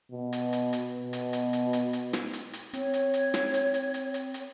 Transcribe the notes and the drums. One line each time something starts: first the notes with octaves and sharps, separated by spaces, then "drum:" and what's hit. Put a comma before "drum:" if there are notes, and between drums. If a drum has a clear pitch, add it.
B2
drum: hi-hat
drum: hi-hat
drum: hi-hat
B2
drum: hi-hat
drum: hi-hat
drum: hi-hat
drum: hi-hat
drum: hi-hat
drum: snare
drum: hi-hat
drum: hi-hat
C4 C#5, drum: hi-hat
drum: hi-hat
drum: hi-hat
drum: snare
drum: hi-hat
drum: hi-hat
drum: hi-hat
drum: hi-hat
drum: hi-hat